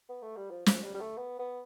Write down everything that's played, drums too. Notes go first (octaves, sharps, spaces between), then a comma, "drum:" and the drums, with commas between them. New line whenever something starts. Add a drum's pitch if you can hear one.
B3
A3
G3
F3
F3, drum: snare
G3
G3
A3
B3
B3